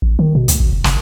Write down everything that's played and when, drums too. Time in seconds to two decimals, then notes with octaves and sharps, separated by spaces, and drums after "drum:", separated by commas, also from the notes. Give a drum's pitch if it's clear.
0.02 A1
0.19 D#3
0.35 B2
0.48 D2, drum: hi-hat
0.60 A1
0.73 F1
0.84 F#1, drum: snare